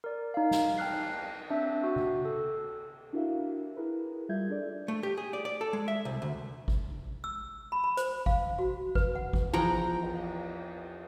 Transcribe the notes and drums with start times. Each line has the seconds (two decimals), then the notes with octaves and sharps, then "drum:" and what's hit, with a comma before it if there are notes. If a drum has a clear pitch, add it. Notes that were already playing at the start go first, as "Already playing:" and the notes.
0.04 A#4 D5
0.34 D#4 F5
0.51 drum: snare
0.78 G5 A5 F6 F#6 C7, drum: cymbal
1.50 C4 D4 E5
1.84 F#4 G6
1.96 drum: tom C#3
2.25 A4
3.13 D4 E4 F#4 A#4 E5 F5
3.76 E4 G#4 A#4 B4
4.29 G3 F4 G#4 E5 G6 G#6
4.49 D4 A4 D5
4.88 A3
5.03 G4
5.17 G#4
5.33 D5
5.45 D5
5.61 A4
5.73 G#3
5.88 E5
6.05 C2
6.22 D2
6.68 drum: kick G#1
7.24 E6
7.72 B5
7.84 B5
7.97 C5, drum: hi-hat
8.26 F5, drum: kick G#1
8.59 F#4
8.95 B4, drum: kick G#1
9.15 F#5
9.33 drum: kick G#1
9.53 E2 F3 F#5 G5 A#5
10.02 drum: cymbal